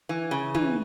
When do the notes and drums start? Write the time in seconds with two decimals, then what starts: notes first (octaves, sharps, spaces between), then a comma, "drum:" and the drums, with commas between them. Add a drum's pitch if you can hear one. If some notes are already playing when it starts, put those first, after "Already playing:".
0.09 E3
0.31 C#3
0.55 E3, drum: tom